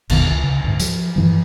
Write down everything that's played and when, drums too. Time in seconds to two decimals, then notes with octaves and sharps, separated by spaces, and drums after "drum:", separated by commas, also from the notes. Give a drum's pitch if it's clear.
0.09 G#1 E2 B2 D#3, drum: cymbal
0.31 C#2
0.43 C#3
0.64 D2 G#2
0.80 F3, drum: hi-hat
1.16 G2 E3 F3